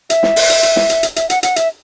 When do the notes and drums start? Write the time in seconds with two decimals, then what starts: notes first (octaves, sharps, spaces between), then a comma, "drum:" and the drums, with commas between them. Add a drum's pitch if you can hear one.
0.10 E5, drum: hi-hat
0.23 drum: snare
0.36 drum: open hi-hat
0.50 drum: hi-hat
0.63 drum: hi-hat
0.76 drum: snare
0.90 drum: hi-hat
1.03 drum: hi-hat
1.16 E5, drum: hi-hat
1.30 F#5, drum: hi-hat
1.43 F#5, drum: hi-hat
1.56 E5, drum: hi-hat